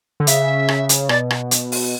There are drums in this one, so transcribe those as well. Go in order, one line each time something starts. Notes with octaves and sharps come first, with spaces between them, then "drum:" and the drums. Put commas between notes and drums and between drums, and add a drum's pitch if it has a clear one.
D3
C#3 E5, drum: hi-hat
drum: rim click
drum: hi-hat
B2 D5, drum: rim click
drum: rim click
drum: hi-hat
drum: open hi-hat